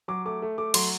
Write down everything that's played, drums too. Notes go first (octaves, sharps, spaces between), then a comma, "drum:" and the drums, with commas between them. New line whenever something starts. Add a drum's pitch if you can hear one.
F#3 D6
A3 D6
A3
A3 D6
F#3 C6, drum: cymbal